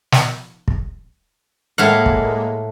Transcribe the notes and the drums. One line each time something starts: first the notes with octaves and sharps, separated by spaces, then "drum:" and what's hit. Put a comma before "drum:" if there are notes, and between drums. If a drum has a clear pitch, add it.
drum: snare
drum: kick
A2 G#3 A#3 F5 F#5
drum: kick